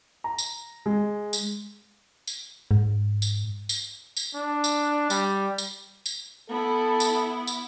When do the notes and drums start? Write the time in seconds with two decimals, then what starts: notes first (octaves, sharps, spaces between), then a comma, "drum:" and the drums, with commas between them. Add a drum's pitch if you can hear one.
0.24 A#5
0.38 drum: tambourine
0.86 G#3
1.33 drum: tambourine
2.27 drum: tambourine
2.71 G#2
3.22 drum: tambourine
3.69 drum: tambourine
4.17 drum: tambourine
4.35 D4
4.64 drum: tambourine
5.10 G3, drum: tambourine
5.58 drum: tambourine
6.06 drum: tambourine
6.49 B3 E4 A4
7.00 drum: tambourine
7.47 drum: tambourine